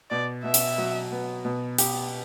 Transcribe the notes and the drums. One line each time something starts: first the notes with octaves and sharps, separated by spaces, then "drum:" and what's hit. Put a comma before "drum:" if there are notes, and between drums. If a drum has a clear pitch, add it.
B2 D5
B2 E5
drum: hi-hat
F#3
B3
B2
G4, drum: hi-hat